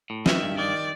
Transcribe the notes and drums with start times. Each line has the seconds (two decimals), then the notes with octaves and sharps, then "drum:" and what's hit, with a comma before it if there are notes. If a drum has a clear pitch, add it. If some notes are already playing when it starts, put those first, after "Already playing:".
0.10 A2
0.26 D#3 E5, drum: snare
0.42 G2
0.58 D#3 D5